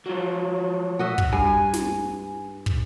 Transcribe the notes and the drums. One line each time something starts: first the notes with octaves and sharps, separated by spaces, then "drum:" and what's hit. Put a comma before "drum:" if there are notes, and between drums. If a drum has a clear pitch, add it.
F3 F#3
F#4 D#5 E5
drum: kick
G2 G#5
drum: snare
drum: kick